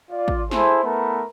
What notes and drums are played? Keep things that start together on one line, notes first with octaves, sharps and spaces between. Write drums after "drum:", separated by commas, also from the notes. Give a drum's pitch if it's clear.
F4 D5
drum: kick
E4 G#4 A4 C5, drum: snare
A3 B3 E4 A#4 B4